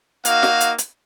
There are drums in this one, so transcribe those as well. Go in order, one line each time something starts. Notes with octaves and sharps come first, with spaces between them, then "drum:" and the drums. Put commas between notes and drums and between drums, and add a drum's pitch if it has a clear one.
A#3 D#4 F#4 F5, drum: hi-hat
drum: snare
drum: hi-hat
drum: hi-hat